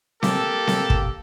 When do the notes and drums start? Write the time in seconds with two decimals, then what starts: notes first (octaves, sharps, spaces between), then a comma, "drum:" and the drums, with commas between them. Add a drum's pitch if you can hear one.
0.23 A#3 G4 A4, drum: snare C4
0.67 drum: snare C4
0.90 drum: kick